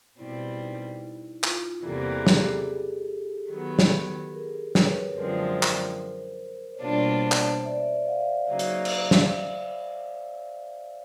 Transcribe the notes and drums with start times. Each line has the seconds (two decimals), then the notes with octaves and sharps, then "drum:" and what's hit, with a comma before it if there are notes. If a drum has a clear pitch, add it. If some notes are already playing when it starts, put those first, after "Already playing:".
0.19 B2 G3 C4 E4
0.53 E4
0.61 D#4
1.02 E4
1.43 F4, drum: clap
1.85 E2 C3 E3 G3 A#3 G4 A4
2.18 G#4
2.27 G4 A4, drum: snare
3.51 D#3 F#3 B3
3.79 drum: snare
4.34 G#4 A#4
4.75 B4 C#5, drum: snare
5.16 F#2 D3 F3 G#3 C4 A#4 C5
5.63 drum: clap
6.66 C5
6.75 C#5
6.82 B2 G3 A#3 D4 F4 C5 D5
7.32 drum: clap
7.65 D5 E5
8.07 D#5 F5
8.48 C#3 F#3 A#3 D#4
8.59 drum: hi-hat
8.85 drum: cymbal
9.11 drum: snare